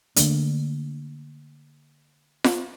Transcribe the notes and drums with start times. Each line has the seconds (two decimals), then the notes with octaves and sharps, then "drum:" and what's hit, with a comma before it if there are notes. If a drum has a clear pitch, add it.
0.16 D3 A3 A#3 D4, drum: hi-hat
2.44 drum: snare F4